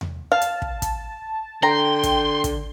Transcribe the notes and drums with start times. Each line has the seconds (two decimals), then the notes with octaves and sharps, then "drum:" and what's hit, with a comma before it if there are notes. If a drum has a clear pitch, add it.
0.01 drum: tom E2
0.32 F5 A5
0.42 drum: hi-hat
0.62 drum: kick
0.82 drum: kick, hi-hat
1.63 D3 G5 A#5 C6
2.03 drum: kick, hi-hat
2.44 drum: kick, hi-hat